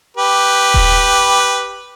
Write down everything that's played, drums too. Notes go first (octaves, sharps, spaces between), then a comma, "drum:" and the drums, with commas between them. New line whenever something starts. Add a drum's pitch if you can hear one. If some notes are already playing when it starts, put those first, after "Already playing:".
G4 B4
drum: kick D#1